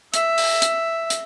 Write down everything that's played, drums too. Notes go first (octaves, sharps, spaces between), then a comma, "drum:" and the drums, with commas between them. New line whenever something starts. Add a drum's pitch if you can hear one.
E5, drum: hi-hat
drum: open hi-hat
drum: hi-hat
drum: hi-hat